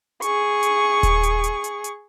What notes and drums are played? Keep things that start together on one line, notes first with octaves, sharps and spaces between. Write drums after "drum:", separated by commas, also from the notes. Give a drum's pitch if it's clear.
G#4 C#6, drum: hi-hat
drum: hi-hat
drum: kick D#1, hi-hat
drum: hi-hat
drum: hi-hat
drum: hi-hat
drum: hi-hat